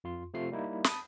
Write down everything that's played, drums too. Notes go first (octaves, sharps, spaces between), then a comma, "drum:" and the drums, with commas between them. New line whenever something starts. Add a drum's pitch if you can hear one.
F2 F4 C6
C3 F3 A3 F4 C7
G3 A#3 D#4 E4
A5 B5 D#6, drum: snare